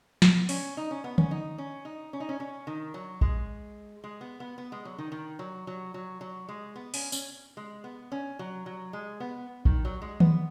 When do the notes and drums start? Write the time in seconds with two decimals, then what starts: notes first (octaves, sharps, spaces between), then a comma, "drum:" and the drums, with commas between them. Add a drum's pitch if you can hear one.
0.22 B3, drum: snare
0.49 C#4, drum: open hi-hat
0.77 D#4
0.91 C#4
1.04 B3
1.18 C#4, drum: tom D3
1.31 D#4
1.58 C#4
1.85 D#4
2.13 C#4
2.20 D#4
2.29 C#4
2.40 C#4
2.67 D#3
2.94 F#3
3.21 G#3, drum: kick A#1
4.04 G#3
4.21 B3
4.40 B3
4.58 B3
4.72 G#3
4.85 F#3
4.98 D#3
5.12 D#3
5.39 F#3
5.67 F#3
5.94 F#3
6.21 F#3
6.48 G#3
6.76 B3
6.94 C#4, drum: open hi-hat
7.12 C#4, drum: tambourine
7.57 G#3
7.84 B3
8.12 C#4
8.39 F#3
8.66 F#3
8.93 G#3
9.20 B3
9.65 D#3, drum: kick A#1
9.85 F#3
10.02 G#3
10.20 B3, drum: tom D#3